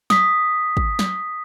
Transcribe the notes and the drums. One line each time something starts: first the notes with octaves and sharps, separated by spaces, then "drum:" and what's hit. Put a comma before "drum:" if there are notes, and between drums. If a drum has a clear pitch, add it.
D#6 B6, drum: snare
drum: kick
drum: snare